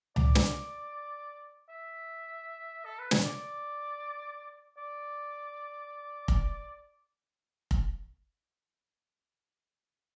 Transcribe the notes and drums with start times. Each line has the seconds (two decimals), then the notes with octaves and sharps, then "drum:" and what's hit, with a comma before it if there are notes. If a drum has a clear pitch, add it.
0.16 D5, drum: tom C#2
0.35 drum: snare
1.69 E5
2.85 A4
2.99 B4
3.11 C#5, drum: snare
3.24 D5
4.78 D5
6.28 drum: kick F1
7.71 drum: kick F1